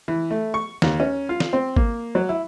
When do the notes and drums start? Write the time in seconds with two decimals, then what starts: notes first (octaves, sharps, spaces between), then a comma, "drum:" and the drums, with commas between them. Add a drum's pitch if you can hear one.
0.08 E3
0.31 A3
0.54 C#6
0.82 D#2, drum: snare
1.00 C#4
1.29 F4
1.40 drum: snare
1.53 C4
1.77 A#3, drum: kick G#1
2.15 F#3
2.29 E4